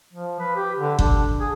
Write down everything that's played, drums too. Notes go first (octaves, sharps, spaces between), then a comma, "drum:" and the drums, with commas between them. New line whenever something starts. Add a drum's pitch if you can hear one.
F3
B4
G4
D3
D4, drum: kick G1
G#4